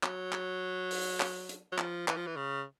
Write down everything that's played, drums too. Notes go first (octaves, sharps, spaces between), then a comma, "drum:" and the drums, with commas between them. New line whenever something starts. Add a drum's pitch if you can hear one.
F#3, drum: clap
drum: clap
drum: open hi-hat
drum: clap
drum: hi-hat
F#3
F3, drum: clap
E3, drum: clap
F3
E3
C#3